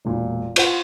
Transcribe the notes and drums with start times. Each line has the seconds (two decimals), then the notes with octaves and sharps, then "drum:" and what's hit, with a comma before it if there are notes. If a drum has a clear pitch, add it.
0.05 E1 A#2
0.56 F4 C5 F#5, drum: cymbal